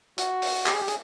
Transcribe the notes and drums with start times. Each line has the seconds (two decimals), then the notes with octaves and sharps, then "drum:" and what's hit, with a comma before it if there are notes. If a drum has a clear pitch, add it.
0.18 F#4, drum: hi-hat
0.42 drum: open hi-hat
0.66 G4, drum: clap
0.74 G#4
0.81 G4
0.88 G#4, drum: hi-hat